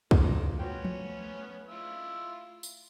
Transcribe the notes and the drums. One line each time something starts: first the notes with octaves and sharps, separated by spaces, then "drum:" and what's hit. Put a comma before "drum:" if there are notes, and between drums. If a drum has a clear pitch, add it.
D#3 A3 A#3 F4, drum: kick
B3 C#4 F#4 C5 G5
drum: tom F3
E4 F4 E6
drum: tambourine